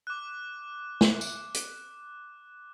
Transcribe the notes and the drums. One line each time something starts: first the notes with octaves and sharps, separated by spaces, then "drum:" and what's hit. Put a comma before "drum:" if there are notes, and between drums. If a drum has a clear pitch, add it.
D6 F#6
drum: snare
drum: tambourine
drum: hi-hat